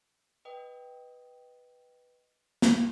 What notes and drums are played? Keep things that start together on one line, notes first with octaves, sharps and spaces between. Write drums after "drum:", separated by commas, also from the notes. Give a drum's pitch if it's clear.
B4 D#5 G5 D#6
drum: snare